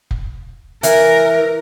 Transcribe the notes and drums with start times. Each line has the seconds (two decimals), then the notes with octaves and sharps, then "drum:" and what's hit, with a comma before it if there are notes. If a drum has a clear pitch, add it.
0.11 drum: kick F1
0.83 E3 A#4, drum: hi-hat